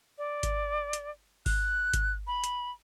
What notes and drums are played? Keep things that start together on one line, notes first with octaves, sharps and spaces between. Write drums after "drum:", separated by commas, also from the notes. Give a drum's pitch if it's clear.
D5
drum: kick G#1, hi-hat
drum: hi-hat
F#6, drum: kick G#1, open hi-hat
drum: kick G#1, hi-hat
B5
drum: hi-hat